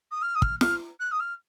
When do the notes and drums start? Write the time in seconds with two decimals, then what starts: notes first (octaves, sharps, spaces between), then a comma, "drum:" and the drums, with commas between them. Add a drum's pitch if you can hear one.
0.11 D#6
0.22 F6
0.35 D#6
0.42 F6, drum: kick
0.61 F6, drum: snare
1.00 F#6
1.12 D#6
1.20 F6